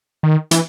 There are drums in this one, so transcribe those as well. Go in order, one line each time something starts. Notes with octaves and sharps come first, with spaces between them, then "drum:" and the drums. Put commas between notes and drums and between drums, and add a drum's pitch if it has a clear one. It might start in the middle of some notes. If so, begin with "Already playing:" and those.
D#3
E3, drum: hi-hat